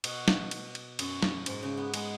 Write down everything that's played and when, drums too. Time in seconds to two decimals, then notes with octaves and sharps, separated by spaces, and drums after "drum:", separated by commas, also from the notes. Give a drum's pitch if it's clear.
0.04 B2, drum: cymbal
0.28 drum: snare
0.51 drum: cymbal
0.75 drum: cymbal
0.99 F#2, drum: cymbal
1.23 drum: snare
1.46 G#2, drum: cymbal
1.63 C#3
1.77 B3
1.94 G#3, drum: cymbal